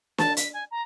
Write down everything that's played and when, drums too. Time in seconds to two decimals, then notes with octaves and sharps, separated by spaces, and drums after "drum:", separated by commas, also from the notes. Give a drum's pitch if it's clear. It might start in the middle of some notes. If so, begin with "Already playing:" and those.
0.18 A5, drum: snare
0.37 B6, drum: hi-hat
0.53 G#5
0.71 A#5